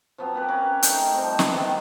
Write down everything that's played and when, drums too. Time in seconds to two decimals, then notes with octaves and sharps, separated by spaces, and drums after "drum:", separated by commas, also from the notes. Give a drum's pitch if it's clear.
0.18 F3 F#3 B3 C4
0.34 A#3 B3 G4 B4
0.48 C#4 A#4 B4
0.83 A3 D#4 C5 G5, drum: hi-hat
1.14 F3 G3 C4
1.39 drum: snare
1.51 C3 D#3 G#3 B3